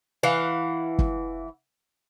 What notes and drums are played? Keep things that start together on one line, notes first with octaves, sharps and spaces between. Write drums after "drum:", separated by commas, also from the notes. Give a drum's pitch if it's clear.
E3 F5 F#5
drum: kick